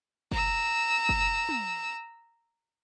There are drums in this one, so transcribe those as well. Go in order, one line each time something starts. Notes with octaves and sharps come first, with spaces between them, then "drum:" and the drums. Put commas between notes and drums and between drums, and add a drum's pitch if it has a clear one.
A#5 E6, drum: kick F1
drum: kick F1
drum: tom